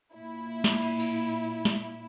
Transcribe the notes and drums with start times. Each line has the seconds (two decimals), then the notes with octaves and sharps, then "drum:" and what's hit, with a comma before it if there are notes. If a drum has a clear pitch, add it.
0.13 A#2 E4
0.64 drum: snare
0.82 drum: cymbal
1.00 drum: cymbal
1.65 drum: snare